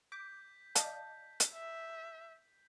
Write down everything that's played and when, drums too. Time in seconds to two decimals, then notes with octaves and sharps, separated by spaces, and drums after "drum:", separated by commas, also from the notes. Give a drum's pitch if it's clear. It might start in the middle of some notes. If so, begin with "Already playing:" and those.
0.12 D6 G6 B6
0.75 D5 D#5 F5 A5, drum: hi-hat
1.40 drum: hi-hat
1.53 E5